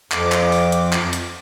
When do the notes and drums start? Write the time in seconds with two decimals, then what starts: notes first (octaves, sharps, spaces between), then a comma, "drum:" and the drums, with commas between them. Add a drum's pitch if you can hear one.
0.12 F2 D6, drum: clap
0.32 drum: clap
0.52 drum: open hi-hat
0.72 drum: hi-hat
0.93 drum: clap
1.13 drum: hi-hat